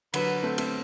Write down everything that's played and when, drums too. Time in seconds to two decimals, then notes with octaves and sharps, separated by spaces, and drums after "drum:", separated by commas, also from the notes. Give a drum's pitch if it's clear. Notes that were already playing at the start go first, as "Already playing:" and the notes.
0.14 D3 F#3 B4, drum: cymbal
0.43 A3 C4
0.58 A3 C4, drum: cymbal